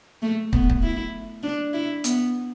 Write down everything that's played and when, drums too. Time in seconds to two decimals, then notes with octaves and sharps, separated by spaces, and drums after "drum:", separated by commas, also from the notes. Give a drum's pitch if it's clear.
0.22 A3
0.53 B3, drum: kick
0.70 drum: kick
0.83 E4
1.43 D4
1.73 E4
2.04 B3, drum: hi-hat